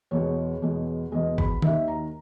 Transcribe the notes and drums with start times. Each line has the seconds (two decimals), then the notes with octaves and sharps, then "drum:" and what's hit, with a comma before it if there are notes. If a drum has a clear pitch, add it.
0.11 E2 B2 G#3 C#5
0.62 E2 B2 G#3
1.12 E2 B2 G#3 D#5
1.38 B5, drum: kick
1.62 D#2 D#3 A#3 E5, drum: tom D#3
1.88 A#5